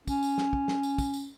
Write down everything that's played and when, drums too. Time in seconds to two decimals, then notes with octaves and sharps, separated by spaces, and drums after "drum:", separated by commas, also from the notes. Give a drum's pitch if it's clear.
0.07 C#4, drum: kick, tambourine
0.23 drum: tambourine
0.38 drum: snare
0.53 drum: kick
0.68 drum: snare
0.83 drum: tambourine
0.98 drum: kick, tambourine
1.14 drum: tambourine